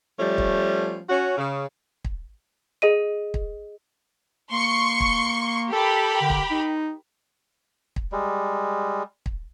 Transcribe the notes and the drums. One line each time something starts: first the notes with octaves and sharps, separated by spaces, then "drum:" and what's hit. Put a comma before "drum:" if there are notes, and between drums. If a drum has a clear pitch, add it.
F3 G3 A3 C#4
drum: kick
C#4 F#4
C#3
drum: kick
G#4 D#5 D#7
drum: kick
A#3 C6 C#6 C#7
drum: kick
G4 A4 A#4 B5
D3
drum: kick
D#4
drum: kick
G3 G#3
drum: kick